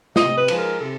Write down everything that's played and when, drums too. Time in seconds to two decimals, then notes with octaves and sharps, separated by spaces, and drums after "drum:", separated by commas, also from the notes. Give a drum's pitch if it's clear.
0.16 C3 D#5, drum: snare
0.38 B4
0.48 F3 G#3, drum: cymbal
0.58 A#4
0.79 C3 A4